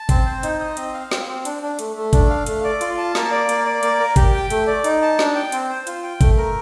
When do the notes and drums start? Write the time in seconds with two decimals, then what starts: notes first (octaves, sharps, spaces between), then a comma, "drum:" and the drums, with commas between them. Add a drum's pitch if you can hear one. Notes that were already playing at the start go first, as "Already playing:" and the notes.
Already playing: A5
0.09 C4, drum: kick G1, hi-hat
0.26 C5
0.43 D#4, drum: hi-hat
0.60 D#5
0.77 C4, drum: hi-hat
0.94 F5
1.11 C4, drum: snare
1.27 C4
1.45 D4, drum: hi-hat
1.62 D4
1.79 A3, drum: hi-hat
1.96 A3
2.13 D4, drum: kick G1, hi-hat
2.30 F5
2.46 A3, drum: hi-hat
2.64 D5
2.81 F4, drum: hi-hat
2.98 A5
3.15 A#3, drum: snare
3.31 D5
3.49 A#3, drum: hi-hat
3.65 D5
3.83 A#3, drum: hi-hat
4.00 A#4
4.16 G4, drum: kick G1, hi-hat
4.34 G5
4.50 A3, drum: hi-hat
4.67 D5
4.84 D#4, drum: hi-hat
5.02 A5
5.19 D4, drum: snare
5.35 G5
5.52 C4, drum: hi-hat
5.70 C5
5.87 F4, drum: hi-hat
6.03 G5
6.21 A3, drum: kick G1, hi-hat
6.37 A#4